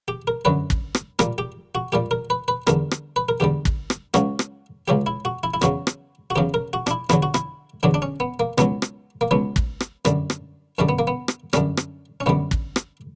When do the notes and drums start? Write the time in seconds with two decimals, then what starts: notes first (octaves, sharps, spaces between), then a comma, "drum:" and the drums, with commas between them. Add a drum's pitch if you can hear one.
0.08 G4
0.27 A#4
0.45 F#2 D3 F#3 B4
0.70 drum: kick
0.95 drum: rim click
1.19 A#2 G3 A#4, drum: rim click
1.38 G4
1.75 F#4
1.92 A#2 G3 G4
2.11 A#4
2.30 B4
2.48 B4
2.67 E2 D3 G3 A#4, drum: rim click
2.91 drum: rim click
3.16 B4
3.29 A#4
3.40 E2 D3 G3 G4
3.65 drum: kick
3.90 drum: rim click
4.14 C#2 C#3 F#3 F#4, drum: rim click
4.39 drum: rim click
4.88 C#2 C#3 F#3 G4
5.06 E4
5.25 F#4
5.43 E4
5.54 E4
5.62 E2 C#3 F#3 F#4, drum: rim click
5.87 drum: rim click
6.30 F#4
6.36 E2 C#3 F#3 G4
6.54 A#4
6.73 F#4
6.87 D4, drum: rim click
6.91 E4
7.09 E2 D3 F#3 E4, drum: rim click
7.23 F#4
7.34 E4, drum: rim click
7.83 E2 D3 F#3 D4
7.94 D4
8.02 C#4
8.20 B3
8.40 A#3
8.58 C#2 B2 F#3 B3, drum: rim click
8.82 drum: rim click
9.21 A#3
9.31 C#2 B2 F#3 B3
9.56 drum: kick
9.80 drum: rim click
10.05 F#2 D3 G3, drum: rim click
10.30 drum: rim click
10.78 F#2 D3 G3 C#4
10.89 B3
10.99 A#3
11.07 B3
11.28 drum: rim click
11.53 F#2 D3 G3 C#4, drum: rim click
11.77 drum: rim click
12.20 C#4
12.26 F#2 D3 G3 B3
12.51 drum: kick
12.76 drum: rim click